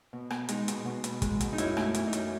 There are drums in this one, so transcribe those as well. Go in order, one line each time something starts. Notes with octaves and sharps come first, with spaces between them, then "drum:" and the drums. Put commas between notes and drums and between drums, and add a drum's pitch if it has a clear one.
B2
B3, drum: rim click
G#3 D#4, drum: hi-hat
B2, drum: hi-hat
B2
B3, drum: hi-hat
G#3, drum: kick, hi-hat
B2, drum: hi-hat
D#4
F#2 E4, drum: hi-hat
A3, drum: rim click
E4
E3, drum: hi-hat
D#4
F#2, drum: hi-hat